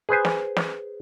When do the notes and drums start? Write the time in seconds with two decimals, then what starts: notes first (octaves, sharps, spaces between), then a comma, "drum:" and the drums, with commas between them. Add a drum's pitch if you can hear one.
0.09 G#4 B4 C5 G#5
0.25 drum: snare
0.56 drum: snare